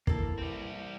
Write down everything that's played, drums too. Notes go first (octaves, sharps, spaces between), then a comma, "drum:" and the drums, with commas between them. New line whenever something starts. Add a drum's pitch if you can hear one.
E3 A#3 A4, drum: kick
G3 C4